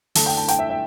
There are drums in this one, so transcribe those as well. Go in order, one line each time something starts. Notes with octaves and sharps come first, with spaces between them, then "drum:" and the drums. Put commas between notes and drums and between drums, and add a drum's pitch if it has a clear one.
D2 D3 A3 D4 A5, drum: open hi-hat
G5
A5
G5, drum: hi-hat
E5
E5